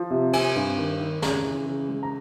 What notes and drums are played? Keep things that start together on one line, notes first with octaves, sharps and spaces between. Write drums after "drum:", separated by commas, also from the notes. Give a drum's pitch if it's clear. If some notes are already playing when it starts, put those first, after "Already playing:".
Already playing: F3
C3
C4 G#5, drum: cymbal
G2
D#3
D#3
C#3 A#5, drum: snare
E3
C#3
G#3
A#5